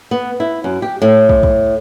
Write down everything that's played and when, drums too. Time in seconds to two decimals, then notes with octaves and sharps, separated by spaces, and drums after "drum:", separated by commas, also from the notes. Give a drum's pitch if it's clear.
0.11 B3
0.40 E4
0.64 F#2
0.82 G4
1.02 A2
1.29 drum: kick
1.43 drum: kick